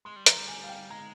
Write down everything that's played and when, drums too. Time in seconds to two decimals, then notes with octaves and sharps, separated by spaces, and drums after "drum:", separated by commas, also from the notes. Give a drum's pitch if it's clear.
0.05 G#3 C6
0.16 G3
0.26 F3 A#5, drum: hi-hat
0.38 G3
0.47 G#5
0.64 F5
0.69 G5
0.90 G#3 A#5